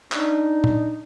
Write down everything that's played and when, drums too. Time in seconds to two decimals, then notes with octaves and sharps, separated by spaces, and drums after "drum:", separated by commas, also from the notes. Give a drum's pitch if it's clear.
0.12 D4 D#4, drum: clap
0.64 drum: tom A#2